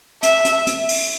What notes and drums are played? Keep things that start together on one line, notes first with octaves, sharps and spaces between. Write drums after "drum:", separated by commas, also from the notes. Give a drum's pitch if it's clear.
E5, drum: hi-hat
drum: hi-hat
drum: hi-hat
drum: open hi-hat